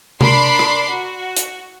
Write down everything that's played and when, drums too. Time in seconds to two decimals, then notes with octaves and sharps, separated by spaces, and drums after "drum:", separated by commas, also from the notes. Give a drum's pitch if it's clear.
0.21 D4 A#4 B5 C6 D6 C7, drum: tom C3
0.59 drum: rim click
0.91 F#4
1.37 drum: hi-hat